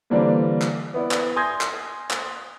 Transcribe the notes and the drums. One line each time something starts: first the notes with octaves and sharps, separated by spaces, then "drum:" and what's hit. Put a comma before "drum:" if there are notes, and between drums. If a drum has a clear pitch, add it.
D3 E3 G3 A#3 C4 D4
drum: clap
B3 E4 D5
drum: clap
G#5 C6 D#6 G6 G#6 A#6
drum: clap
drum: clap